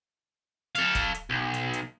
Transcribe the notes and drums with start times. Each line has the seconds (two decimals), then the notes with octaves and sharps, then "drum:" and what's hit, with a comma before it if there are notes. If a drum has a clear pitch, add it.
0.75 A4 F5, drum: hi-hat
0.95 drum: kick, hi-hat
1.15 drum: hi-hat
1.30 B1
1.54 drum: hi-hat
1.73 drum: hi-hat